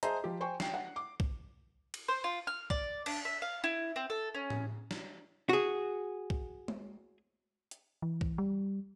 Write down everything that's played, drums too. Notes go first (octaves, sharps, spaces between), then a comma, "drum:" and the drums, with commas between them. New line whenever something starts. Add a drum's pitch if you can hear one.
G#4 C5 D#5 E5 A5 A#5, drum: hi-hat
F3 G4
C5 G5 G#5 C#6
G5 C7, drum: snare
F#5
D6
drum: kick
drum: cymbal
C5
F4
F6
D5, drum: kick
D4, drum: cymbal
E5
F5
E4
C4
A4
C#4
drum: tom A2
drum: snare
F#4 G#4
drum: kick
drum: tom G#3
drum: hi-hat
E3
drum: kick
G3